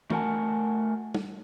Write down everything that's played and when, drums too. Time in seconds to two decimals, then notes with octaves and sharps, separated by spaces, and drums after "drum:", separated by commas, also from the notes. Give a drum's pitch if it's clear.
0.10 A3 F#4 A#4 F#5 G#5 A5, drum: tom
1.15 drum: tom